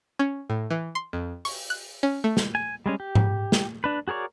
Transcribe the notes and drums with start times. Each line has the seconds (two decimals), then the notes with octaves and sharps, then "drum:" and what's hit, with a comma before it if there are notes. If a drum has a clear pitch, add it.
0.19 C#4
0.50 A2
0.70 E3
0.95 C6
1.13 F2
1.45 C#6, drum: open hi-hat
1.70 F#6
2.03 C#4
2.24 A3
2.37 drum: snare
2.55 G#5
2.86 G3 G#3 C#4
3.00 G4
3.15 drum: tom G#2
3.52 drum: snare
3.84 D4 B4
4.08 F#4 G#4 A#4 C#5 D5